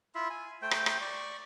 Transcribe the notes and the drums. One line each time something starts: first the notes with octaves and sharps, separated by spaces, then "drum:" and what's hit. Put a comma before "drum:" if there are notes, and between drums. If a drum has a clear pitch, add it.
E4 F4 E5
G#5
A3 C5 G5
drum: rim click
drum: rim click
D5 C#6